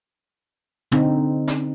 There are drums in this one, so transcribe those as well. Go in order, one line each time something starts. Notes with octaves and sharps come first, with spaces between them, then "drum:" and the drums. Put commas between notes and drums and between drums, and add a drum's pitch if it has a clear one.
D3 C4 D#4, drum: tom
drum: snare